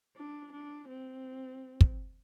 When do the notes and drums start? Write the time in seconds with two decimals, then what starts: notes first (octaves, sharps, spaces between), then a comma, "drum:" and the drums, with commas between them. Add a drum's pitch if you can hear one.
0.16 D4
0.52 D4
0.88 C4
1.81 drum: kick